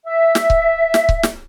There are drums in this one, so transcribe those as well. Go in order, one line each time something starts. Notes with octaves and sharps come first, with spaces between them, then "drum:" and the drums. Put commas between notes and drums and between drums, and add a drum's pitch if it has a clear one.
E5
drum: snare
drum: kick C#1
drum: snare
drum: kick C#1
drum: snare